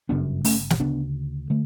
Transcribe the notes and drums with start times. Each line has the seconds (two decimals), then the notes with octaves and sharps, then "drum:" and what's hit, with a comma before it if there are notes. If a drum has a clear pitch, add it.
0.09 G1 F#2 C#3 B3 D4
0.44 A3 C#4, drum: open hi-hat
0.70 drum: snare
0.80 D2 C#3 B3 D4
1.50 D3 A3